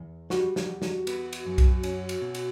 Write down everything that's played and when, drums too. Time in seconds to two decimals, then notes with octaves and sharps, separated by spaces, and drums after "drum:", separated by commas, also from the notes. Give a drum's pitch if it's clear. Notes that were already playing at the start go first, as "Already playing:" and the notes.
Already playing: E2
0.30 G3 F#4, drum: snare
0.56 drum: snare
0.69 E2
0.82 drum: snare
1.07 B3, drum: cymbal
1.33 drum: cymbal
1.46 F#2
1.58 drum: kick B1, cymbal
1.83 C#4, drum: cymbal
2.09 drum: cymbal
2.22 B2
2.35 drum: cymbal